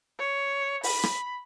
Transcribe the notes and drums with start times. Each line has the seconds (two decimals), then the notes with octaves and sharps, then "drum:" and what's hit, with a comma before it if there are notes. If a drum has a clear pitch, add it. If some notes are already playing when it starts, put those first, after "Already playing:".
0.19 C#5
0.83 B5, drum: open hi-hat
1.03 drum: rim click